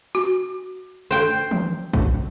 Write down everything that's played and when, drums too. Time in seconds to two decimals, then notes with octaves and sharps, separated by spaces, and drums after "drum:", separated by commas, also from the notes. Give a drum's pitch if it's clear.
0.15 F#4
1.11 C5 G5
1.51 drum: tom D#3
1.93 drum: kick A1